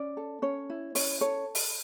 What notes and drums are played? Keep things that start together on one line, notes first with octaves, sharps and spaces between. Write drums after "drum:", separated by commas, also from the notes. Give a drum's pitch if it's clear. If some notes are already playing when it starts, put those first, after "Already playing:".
Already playing: C#4 D5
A4
C#4 C#5
E4
C#4 C#5, drum: open hi-hat
A4 C#5
drum: open hi-hat